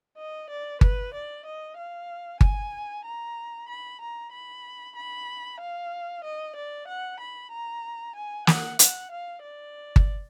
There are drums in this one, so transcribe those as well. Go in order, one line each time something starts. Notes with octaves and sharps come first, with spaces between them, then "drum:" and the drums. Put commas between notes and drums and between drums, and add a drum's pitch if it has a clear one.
D#5
D5
B4, drum: kick G1
D5
D#5
F5
G#5, drum: kick G1
A#5
B5
A#5
B5
B5
F5
D#5
D5
F#5
B5
A#5
G#5
F#5, drum: snare
F#5, drum: hi-hat
F5
D5
drum: kick G1